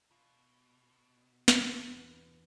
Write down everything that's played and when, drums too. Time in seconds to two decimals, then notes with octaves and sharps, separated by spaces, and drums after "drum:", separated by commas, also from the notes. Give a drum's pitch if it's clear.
0.11 B2 F4
1.48 drum: snare
1.68 E2 G2